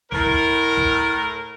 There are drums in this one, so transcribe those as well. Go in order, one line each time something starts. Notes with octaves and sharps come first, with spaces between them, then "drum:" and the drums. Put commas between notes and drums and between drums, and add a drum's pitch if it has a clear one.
A2 A#4, drum: kick
drum: kick
drum: kick